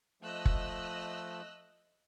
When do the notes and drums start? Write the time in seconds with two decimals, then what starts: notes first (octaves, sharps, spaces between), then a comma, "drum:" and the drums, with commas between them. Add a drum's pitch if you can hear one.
0.22 F3 A3 D#5 E6 F#6
0.45 drum: kick F#1